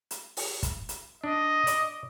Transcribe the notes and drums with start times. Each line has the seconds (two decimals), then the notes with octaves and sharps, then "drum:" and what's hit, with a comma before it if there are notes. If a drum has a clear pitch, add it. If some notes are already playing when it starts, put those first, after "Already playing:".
0.11 drum: hi-hat
0.37 drum: open hi-hat
0.63 drum: kick, hi-hat
0.89 drum: hi-hat
1.24 D4 D#5
1.67 D5, drum: hi-hat